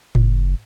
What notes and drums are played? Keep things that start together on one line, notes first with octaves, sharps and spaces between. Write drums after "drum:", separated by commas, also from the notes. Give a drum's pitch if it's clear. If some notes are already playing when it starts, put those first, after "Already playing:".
F#1, drum: tom A2